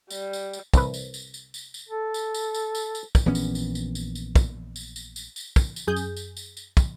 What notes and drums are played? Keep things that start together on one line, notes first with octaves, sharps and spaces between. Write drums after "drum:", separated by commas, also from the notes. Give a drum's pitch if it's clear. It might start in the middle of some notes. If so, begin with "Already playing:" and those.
G3, drum: tambourine
drum: tambourine
drum: tambourine
C2 B4, drum: kick, tambourine
drum: tambourine
drum: tambourine
drum: tambourine
drum: tambourine
drum: tambourine
A4
drum: tambourine
drum: tambourine
drum: tambourine
drum: tambourine
drum: tambourine
drum: kick, tambourine
A#1 E3 B3 C#4
drum: tambourine
drum: tambourine
drum: tambourine
drum: tambourine
drum: tambourine
drum: kick, tambourine
drum: tambourine
drum: tambourine
drum: tambourine
drum: tambourine
drum: kick, tambourine
drum: tambourine
F#2 G#4 G6
drum: tambourine
drum: tambourine
drum: tambourine
drum: tambourine
drum: kick, tambourine